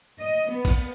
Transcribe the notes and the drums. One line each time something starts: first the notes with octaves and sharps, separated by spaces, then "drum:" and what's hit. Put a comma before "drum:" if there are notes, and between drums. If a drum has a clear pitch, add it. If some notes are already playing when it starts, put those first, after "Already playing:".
D#5
B3
drum: kick, cymbal